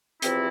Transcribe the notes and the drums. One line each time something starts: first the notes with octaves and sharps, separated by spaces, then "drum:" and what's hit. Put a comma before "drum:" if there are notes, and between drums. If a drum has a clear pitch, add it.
E2 C3 F3 C4 E4, drum: hi-hat